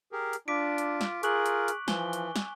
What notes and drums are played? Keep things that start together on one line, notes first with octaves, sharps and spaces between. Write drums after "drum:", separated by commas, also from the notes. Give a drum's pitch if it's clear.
G4 G#4 A#4
drum: hi-hat
D4 F4 D6 B6 D7
drum: hi-hat
drum: snare
F4 G#4 A#4 C#6 F#6 F#7, drum: hi-hat
drum: hi-hat
drum: hi-hat
E3 F3 G#5 G7, drum: snare
drum: hi-hat
drum: snare